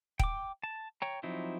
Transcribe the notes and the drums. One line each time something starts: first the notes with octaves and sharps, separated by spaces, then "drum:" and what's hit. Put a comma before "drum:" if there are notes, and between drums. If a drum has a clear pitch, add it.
G5 D6, drum: kick D#1
A5
C#5 G5 A#5
F3 F#3 C4 D#4 E4